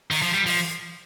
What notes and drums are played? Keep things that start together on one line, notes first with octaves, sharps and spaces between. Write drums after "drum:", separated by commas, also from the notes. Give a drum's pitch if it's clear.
D#3, drum: open hi-hat
F3
G3
F3, drum: open hi-hat